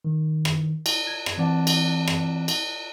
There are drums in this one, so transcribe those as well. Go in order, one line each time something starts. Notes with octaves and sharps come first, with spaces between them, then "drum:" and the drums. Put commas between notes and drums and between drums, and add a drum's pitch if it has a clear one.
D#3
drum: rim click
drum: cymbal
G#6
drum: rim click
E3 C4 D5 F#5 A5
drum: cymbal
drum: rim click
drum: cymbal